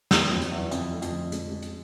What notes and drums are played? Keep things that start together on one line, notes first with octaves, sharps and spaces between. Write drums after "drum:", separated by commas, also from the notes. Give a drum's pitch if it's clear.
E2 B3, drum: snare
F2 F#3
drum: hi-hat
E2 E4
F2 F3, drum: hi-hat
A3
F2, drum: hi-hat
F3
G#3, drum: hi-hat
G#3
drum: hi-hat